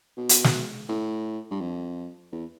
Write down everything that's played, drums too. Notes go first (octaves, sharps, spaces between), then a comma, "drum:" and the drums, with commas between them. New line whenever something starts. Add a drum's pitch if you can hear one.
B2
drum: hi-hat
drum: snare
A2
G2
F2
E2